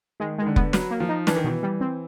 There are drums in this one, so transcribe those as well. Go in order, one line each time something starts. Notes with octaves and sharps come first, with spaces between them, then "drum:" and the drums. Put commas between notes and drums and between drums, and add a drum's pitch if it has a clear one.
D#3 G#3
D#3 G#3
D3
B3, drum: kick F1
F#3 B4, drum: snare
A#3
F3
D#4
E3 D4, drum: snare
D#3
B2 E3
G3
C4